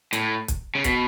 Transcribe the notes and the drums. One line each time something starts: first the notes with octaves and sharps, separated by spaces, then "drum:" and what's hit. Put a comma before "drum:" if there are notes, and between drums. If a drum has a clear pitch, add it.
A2, drum: hi-hat
drum: kick, hi-hat
C#3
B2, drum: kick, hi-hat